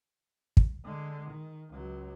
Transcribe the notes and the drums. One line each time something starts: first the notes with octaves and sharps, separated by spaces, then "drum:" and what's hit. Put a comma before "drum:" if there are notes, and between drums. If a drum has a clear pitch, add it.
drum: kick
D3 G#3
D#3
C#2 F#3